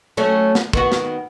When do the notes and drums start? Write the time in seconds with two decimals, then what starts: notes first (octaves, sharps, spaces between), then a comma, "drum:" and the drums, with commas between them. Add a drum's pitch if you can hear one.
0.17 F#3 A3 C#4
0.55 drum: snare
0.73 D#3 B3 F#4, drum: kick
0.92 drum: snare